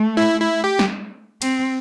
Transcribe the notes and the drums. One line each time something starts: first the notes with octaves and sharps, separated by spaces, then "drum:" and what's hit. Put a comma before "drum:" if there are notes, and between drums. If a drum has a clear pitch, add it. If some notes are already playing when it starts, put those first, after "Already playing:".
Already playing: A3
E4
E4
G4
drum: snare
C4, drum: cymbal